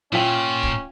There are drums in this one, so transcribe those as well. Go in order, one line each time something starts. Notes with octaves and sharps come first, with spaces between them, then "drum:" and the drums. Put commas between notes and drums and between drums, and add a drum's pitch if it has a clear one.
A#2 C#4 F4 E5 G5
drum: kick C#1